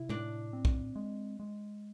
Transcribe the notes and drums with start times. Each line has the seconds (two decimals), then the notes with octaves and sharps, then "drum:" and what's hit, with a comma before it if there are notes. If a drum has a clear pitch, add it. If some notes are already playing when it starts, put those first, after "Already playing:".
Already playing: C3 E4
0.09 A2 D4, drum: tom G#3
0.53 C4
0.65 drum: kick
0.96 G#3
1.40 G#3